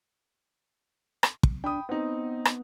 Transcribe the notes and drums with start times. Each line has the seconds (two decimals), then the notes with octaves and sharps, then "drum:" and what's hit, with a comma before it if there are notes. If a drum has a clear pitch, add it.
1.23 drum: rim click
1.43 drum: kick
1.64 D4 G5 B5 D#6
1.89 B3 C4 D#4
2.45 drum: rim click